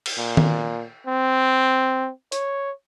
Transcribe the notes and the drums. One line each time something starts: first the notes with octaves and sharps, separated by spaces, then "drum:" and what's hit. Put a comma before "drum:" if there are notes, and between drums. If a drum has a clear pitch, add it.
drum: cymbal
A#2
drum: tom D#3
C4
C#5, drum: hi-hat